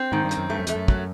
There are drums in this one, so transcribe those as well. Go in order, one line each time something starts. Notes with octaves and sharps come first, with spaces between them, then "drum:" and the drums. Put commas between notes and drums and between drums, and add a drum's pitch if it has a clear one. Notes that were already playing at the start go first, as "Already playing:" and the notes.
Already playing: C4
G#2 D#3
G2
C4, drum: hi-hat
F#2
G2 A3
F#2
F2 A3, drum: hi-hat
F#2
F#3, drum: kick